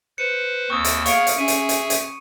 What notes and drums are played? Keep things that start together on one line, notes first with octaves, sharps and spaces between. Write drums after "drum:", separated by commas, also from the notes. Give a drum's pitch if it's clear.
B4 C5 C#7
D#2 C4 C#6 D#6 E6
drum: hi-hat
B3 G#4 C#5 F5 C#6 C#7 D7, drum: hi-hat
drum: hi-hat
C#4 G#4 E5 D#7
drum: hi-hat
drum: hi-hat
drum: hi-hat